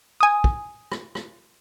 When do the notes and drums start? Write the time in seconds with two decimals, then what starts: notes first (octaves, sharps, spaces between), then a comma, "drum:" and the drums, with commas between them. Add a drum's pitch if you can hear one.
0.21 G#5 D#6
0.44 drum: kick
0.92 drum: rim click
1.15 drum: rim click